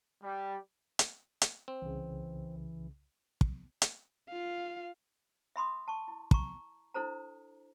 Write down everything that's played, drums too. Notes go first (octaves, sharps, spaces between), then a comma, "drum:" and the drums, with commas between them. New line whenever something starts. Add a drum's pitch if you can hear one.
G3
drum: hi-hat
drum: hi-hat
C4
C2 C#3 E3
drum: kick
drum: hi-hat
F4 F5
E5 B5 C6 D#6
A5 C#6
E4
A#5 C#6, drum: kick
D4 E4 A4 C5 A#5